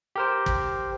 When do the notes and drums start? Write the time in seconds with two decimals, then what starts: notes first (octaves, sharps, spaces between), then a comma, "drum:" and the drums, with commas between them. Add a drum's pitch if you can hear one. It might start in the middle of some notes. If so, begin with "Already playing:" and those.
0.16 G4 A#4 C5
0.46 drum: kick